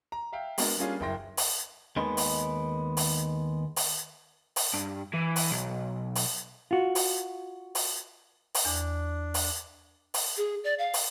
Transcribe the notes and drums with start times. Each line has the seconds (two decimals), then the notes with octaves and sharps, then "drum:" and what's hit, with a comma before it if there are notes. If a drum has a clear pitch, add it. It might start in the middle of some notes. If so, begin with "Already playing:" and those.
0.12 A#5
0.33 E5 F5 G5
0.58 G#3 A#3 B3 D4 F#4 A#4, drum: open hi-hat
0.77 G3 A#3 C#4 D4 F4 G#4
1.00 F#1 F#2 E4 G5 C6 A#6
1.37 drum: open hi-hat
1.96 D#2 D#3 G#3 B3
2.17 drum: open hi-hat
2.97 drum: open hi-hat
3.76 drum: open hi-hat
4.56 drum: open hi-hat
4.73 G2
5.14 E3
5.36 drum: open hi-hat
5.51 B1
6.15 drum: open hi-hat
6.71 F4 F#4
6.95 drum: open hi-hat
7.75 drum: open hi-hat
8.54 drum: open hi-hat
8.65 E2 D4
9.34 drum: open hi-hat
10.14 drum: open hi-hat
10.37 G#4
10.64 D5
10.79 F5
10.94 drum: open hi-hat